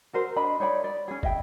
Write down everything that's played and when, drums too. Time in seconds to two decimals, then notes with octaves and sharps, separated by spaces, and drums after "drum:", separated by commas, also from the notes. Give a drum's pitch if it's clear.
0.13 F#4 A#4 C5
0.36 D4 D#5 B5
0.60 D#4 C#5 D5 B5
0.84 D5
1.08 C#4 G#4
1.23 D#5 E5 G5, drum: kick